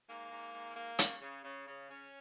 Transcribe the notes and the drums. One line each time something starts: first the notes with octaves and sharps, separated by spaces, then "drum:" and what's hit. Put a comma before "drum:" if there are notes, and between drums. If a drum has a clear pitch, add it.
G#2 A#3
G#2
G#2
A#3
C#3, drum: hi-hat
C#3
C#3
C#3
C#3 C#4